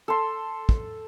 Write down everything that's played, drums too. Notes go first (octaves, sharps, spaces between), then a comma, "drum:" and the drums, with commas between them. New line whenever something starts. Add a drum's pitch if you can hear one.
A4 C6
drum: kick